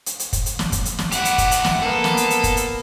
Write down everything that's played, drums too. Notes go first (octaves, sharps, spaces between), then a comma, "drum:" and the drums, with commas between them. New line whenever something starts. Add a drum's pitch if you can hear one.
drum: hi-hat
drum: hi-hat
drum: kick, hi-hat
drum: hi-hat
drum: snare
drum: kick, hi-hat
drum: hi-hat
drum: snare
E4 G4 F#5, drum: hi-hat
drum: hi-hat
drum: kick, hi-hat
drum: hi-hat
drum: snare
A#3 B3 A4
drum: snare
drum: hi-hat
drum: hi-hat
drum: kick, hi-hat
drum: hi-hat